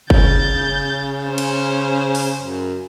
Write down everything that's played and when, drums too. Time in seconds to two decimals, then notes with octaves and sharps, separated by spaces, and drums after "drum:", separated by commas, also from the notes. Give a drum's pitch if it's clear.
0.10 C#3 G6 A6, drum: kick F#1
1.28 C#4 C5
1.38 drum: cymbal
2.15 drum: open hi-hat
2.42 F#2